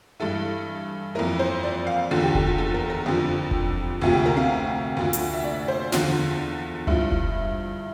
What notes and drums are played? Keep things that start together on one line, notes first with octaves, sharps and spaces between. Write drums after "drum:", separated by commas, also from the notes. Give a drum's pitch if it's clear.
G2 E3 A4
F2 E3 A#4
C5
D5
F5
E2 D3 F3 A4
G4
G4, drum: kick F1
F4
A4
A#4
A#4
F2 D3 F3 G4
drum: kick F1
D2 C3 F3 F4
G4
A#4
F5, drum: tom C4
D2 D3 F3
drum: hi-hat
E5
D5
C5
E2 D3 F3 F4, drum: snare
G2 F3 E4, drum: tom C#2
drum: kick F1